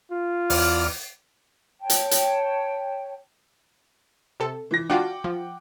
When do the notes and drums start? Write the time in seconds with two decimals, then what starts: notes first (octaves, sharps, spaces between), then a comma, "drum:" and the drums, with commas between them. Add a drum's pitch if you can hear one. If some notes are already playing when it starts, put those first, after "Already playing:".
0.11 F4
0.50 E2 D5 F6, drum: open hi-hat
1.79 C#5 G5 A5
1.90 drum: hi-hat
2.11 drum: hi-hat
4.40 C3 A4
4.71 E3 A#6
4.90 D4 F4 F#4 F#5 G5 D6
5.24 F3